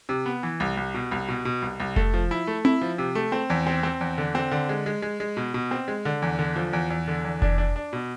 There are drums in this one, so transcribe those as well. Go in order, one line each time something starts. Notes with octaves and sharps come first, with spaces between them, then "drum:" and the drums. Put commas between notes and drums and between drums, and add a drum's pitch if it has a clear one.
C3
B3
E3
C2
C2
B2
C2
B2
B2
C2
C2
A3, drum: kick F1
F3
E4
A3
E4, drum: tom C4
F3
C3
A3
C4
E2
C4
C4
E2
D3
C4
D3
G#3
G#3
G#3
G#3
B2
B2
C4
G#3
D3
E2
D3
F3
E2
E2
D3
E2
D4, drum: kick F1
D4
D4
B2